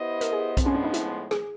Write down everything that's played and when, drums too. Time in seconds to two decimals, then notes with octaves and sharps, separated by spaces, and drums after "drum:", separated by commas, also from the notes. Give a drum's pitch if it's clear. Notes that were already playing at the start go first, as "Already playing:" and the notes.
Already playing: B3 E4 G4 C5 D#5
0.21 A#4, drum: hi-hat
0.32 G#4
0.57 A2 F3 G#3 B3 C4, drum: kick, hi-hat
0.66 C#4
0.75 D4
0.84 D#4
0.94 E4, drum: hi-hat
1.31 G#4, drum: rim click